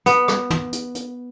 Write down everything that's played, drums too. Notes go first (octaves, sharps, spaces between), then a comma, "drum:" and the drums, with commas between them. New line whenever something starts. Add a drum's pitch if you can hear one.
B3, drum: hi-hat
drum: rim click
drum: tom
drum: hi-hat
drum: hi-hat